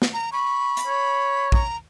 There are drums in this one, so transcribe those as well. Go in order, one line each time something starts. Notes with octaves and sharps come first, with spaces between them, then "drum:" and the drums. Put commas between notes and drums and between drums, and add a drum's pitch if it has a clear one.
drum: snare
A#5
B5 C#6
drum: hi-hat
C#5
A#5, drum: kick